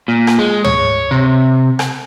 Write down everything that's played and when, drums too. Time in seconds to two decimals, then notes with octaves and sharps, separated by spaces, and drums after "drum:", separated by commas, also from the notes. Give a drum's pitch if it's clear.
0.08 A#2
0.27 drum: rim click
0.39 G#3
0.64 C#5, drum: tom
1.11 C3
1.79 drum: rim click